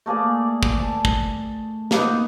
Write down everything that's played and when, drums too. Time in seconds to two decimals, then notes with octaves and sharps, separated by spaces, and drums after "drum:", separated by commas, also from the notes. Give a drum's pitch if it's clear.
0.06 A3 A#3 G#4 D5
0.63 drum: kick
0.79 A5
1.05 drum: kick
1.91 A#3 B3 D#4, drum: snare